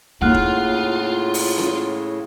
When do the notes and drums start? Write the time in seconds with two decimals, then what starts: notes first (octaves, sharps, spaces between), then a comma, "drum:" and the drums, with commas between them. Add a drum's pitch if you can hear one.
0.22 A2 C#3 A#3 D#4 F4 F#5 F6 F#6
0.34 drum: kick E1
1.34 drum: open hi-hat
1.58 drum: snare C#4